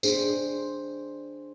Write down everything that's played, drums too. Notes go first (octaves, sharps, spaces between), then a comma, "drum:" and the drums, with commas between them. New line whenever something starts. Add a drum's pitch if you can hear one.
D4 G#4 C5, drum: tambourine